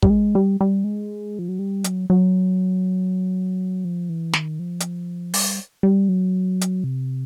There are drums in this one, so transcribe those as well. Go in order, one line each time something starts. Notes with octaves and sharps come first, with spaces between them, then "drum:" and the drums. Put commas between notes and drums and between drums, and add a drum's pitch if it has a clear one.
G3, drum: kick
G#3
G3
G3
G#3
F3
F#3
G3
F#3, drum: hi-hat
F#3
F3
E3
D#3, drum: snare
F3
drum: hi-hat
G3, drum: open hi-hat
G3
F#3
drum: hi-hat
C3